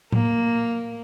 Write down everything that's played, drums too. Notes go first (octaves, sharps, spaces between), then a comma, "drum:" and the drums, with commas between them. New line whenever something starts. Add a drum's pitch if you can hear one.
A#3, drum: tom A2